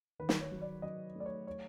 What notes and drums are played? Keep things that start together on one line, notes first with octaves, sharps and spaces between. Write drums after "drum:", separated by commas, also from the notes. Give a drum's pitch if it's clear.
D#3 B4
drum: snare
C#5
F#3
D5
F#3 D#5
A3 D5
C#5
C#5